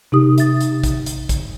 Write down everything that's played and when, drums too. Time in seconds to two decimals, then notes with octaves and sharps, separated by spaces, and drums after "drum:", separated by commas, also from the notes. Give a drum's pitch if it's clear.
0.12 C3 D#4 G4 D#6
0.38 E5 A6, drum: hi-hat
0.61 drum: hi-hat
0.84 drum: kick A#1, hi-hat
1.06 drum: hi-hat
1.29 drum: kick A#1, hi-hat